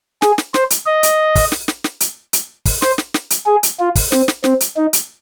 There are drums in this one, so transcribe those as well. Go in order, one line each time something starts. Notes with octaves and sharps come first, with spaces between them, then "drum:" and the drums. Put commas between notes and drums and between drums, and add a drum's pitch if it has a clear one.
G#4, drum: snare
drum: snare
C5, drum: snare
drum: hi-hat
D#5
drum: hi-hat
drum: kick, open hi-hat
drum: snare
drum: snare
drum: snare
drum: hi-hat
drum: hi-hat
drum: kick, open hi-hat
C5, drum: snare
drum: snare
drum: snare
drum: hi-hat
G#4
drum: hi-hat
F4
drum: kick, open hi-hat
C4, drum: snare
drum: snare
C4, drum: snare
drum: hi-hat
D#4
drum: hi-hat